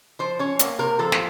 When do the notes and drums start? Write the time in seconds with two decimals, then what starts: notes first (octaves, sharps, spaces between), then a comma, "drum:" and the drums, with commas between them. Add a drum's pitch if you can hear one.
0.19 F3 C5
0.39 C#4 C#5
0.59 A#3, drum: hi-hat
0.79 C3 A#4
0.99 F3 A4
1.12 drum: snare